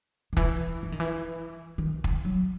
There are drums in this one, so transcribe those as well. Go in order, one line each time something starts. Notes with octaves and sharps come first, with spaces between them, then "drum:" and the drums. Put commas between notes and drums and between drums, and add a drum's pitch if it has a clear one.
D#3
E3, drum: kick
E3
D#3
E3
D#3
drum: kick
F#3